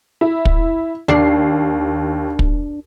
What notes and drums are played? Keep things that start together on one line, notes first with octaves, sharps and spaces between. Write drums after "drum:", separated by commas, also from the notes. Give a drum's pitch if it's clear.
E4
drum: kick
D#2 D4 C7
drum: kick